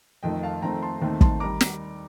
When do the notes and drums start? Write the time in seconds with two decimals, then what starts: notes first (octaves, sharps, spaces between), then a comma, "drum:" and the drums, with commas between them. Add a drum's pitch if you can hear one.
0.23 F2 D#3 A3 D#5 G5
0.43 F5 A5
0.62 F2 D#3 A3 C4 G5 A#5
0.82 A5 C6
1.02 D#2 D#3 A3 C4
1.21 A5 C6, drum: kick
1.40 D#3 G3 A#5 D6
1.61 drum: snare